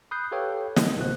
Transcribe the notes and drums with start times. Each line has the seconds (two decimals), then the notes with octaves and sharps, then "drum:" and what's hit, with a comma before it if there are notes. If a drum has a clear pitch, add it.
0.11 B5 D#6 F#6 G6 C7
0.32 G4 A4 B4 C#5 F5 G5
0.76 D#5, drum: snare
0.97 A#1 C#3 F#4 C5 F#6